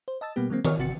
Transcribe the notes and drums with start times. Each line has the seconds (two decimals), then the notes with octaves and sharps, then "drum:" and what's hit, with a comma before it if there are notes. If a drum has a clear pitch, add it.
0.08 C5
0.21 D#5 A5 E6 A6
0.36 B2 G3 A#3 B3 G4
0.49 D3 F#3 G#3 A#3 C4
0.65 A#4 C#5 D#5 C#6 F6, drum: tom D#3
0.78 G1 C3 F#4 A6 C#7